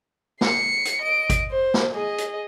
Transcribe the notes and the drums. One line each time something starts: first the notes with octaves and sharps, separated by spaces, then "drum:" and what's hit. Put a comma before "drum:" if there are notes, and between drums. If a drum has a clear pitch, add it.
C7 C#7, drum: snare
drum: hi-hat
D#5 D7
drum: kick G#1, hi-hat
C5
drum: snare
G#4 D#5
drum: hi-hat